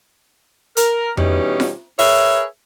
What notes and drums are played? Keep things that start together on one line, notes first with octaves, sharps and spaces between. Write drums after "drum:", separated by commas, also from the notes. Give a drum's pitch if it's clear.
A#4, drum: hi-hat
B2 E3 G3 C#4 D#4 G4, drum: tom F2
drum: snare F4
G#4 A#4 B4 C#5 E5, drum: open hi-hat